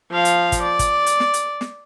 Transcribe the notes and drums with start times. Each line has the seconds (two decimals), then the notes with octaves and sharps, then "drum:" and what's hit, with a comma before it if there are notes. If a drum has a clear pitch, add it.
0.11 F3 F5
0.25 drum: hi-hat
0.52 drum: kick, hi-hat
0.63 D5
0.79 drum: kick, hi-hat
1.06 drum: hi-hat
1.20 drum: snare
1.34 drum: hi-hat
1.61 drum: snare